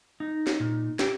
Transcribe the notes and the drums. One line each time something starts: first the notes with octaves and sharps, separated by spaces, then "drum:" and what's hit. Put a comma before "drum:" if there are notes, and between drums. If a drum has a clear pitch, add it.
D#4
drum: snare
A#2
G4, drum: snare